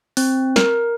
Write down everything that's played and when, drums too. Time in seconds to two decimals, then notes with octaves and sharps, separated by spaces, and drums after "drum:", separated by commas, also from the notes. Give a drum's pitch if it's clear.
0.17 C4, drum: open hi-hat
0.56 A#4, drum: snare